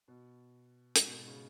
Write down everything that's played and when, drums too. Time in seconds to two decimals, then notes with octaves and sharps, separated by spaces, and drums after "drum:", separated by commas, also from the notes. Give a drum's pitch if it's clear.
0.08 B2
0.96 G#2, drum: hi-hat
1.06 B2
1.17 B2
1.28 C#3